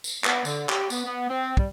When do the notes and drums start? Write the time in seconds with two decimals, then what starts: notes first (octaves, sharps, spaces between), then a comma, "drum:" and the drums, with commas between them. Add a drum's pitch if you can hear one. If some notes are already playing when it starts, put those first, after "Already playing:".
0.04 drum: tambourine
0.24 B3, drum: clap
0.45 D3, drum: tambourine
0.69 G4, drum: clap
0.90 B3, drum: tambourine
1.05 B3
1.29 C4
1.57 G3, drum: kick